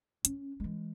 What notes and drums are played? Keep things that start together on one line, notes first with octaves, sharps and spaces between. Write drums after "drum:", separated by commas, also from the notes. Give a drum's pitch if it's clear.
C#4, drum: hi-hat
E3 G#3